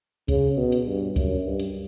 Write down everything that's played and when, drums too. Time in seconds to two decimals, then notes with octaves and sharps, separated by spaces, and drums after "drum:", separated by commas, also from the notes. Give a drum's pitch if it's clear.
0.28 C#3, drum: kick C2, hi-hat
0.57 B2
0.72 drum: hi-hat
0.87 G2
1.16 F#2, drum: kick C2, hi-hat
1.46 G2
1.60 drum: hi-hat